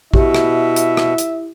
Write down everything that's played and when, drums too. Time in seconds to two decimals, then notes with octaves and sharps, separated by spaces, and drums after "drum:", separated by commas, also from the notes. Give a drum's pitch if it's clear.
0.14 B2 E4 G4 E5, drum: kick
0.35 drum: rim click
0.76 drum: hi-hat
0.97 drum: rim click
1.18 drum: hi-hat